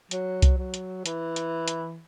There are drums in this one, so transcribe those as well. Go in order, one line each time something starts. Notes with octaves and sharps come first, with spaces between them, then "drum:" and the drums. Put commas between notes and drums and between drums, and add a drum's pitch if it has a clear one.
F#3, drum: hi-hat
drum: kick C2, hi-hat
F#3
drum: hi-hat
E3, drum: hi-hat
drum: hi-hat
drum: hi-hat